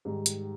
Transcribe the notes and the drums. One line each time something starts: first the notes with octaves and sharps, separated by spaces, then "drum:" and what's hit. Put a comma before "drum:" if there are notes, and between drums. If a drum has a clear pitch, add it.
G#2 D#3 G3
drum: hi-hat